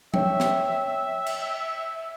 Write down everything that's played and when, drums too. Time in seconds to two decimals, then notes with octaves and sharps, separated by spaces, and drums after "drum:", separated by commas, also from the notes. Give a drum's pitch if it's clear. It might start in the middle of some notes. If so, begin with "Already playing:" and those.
0.14 C#5 E5 G5, drum: tom F3
0.40 drum: snare
1.26 drum: cymbal